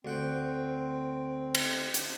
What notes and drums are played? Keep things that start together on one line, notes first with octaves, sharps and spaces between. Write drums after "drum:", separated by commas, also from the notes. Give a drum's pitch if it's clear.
D2 C4 F#5 G5
drum: cymbal
drum: hi-hat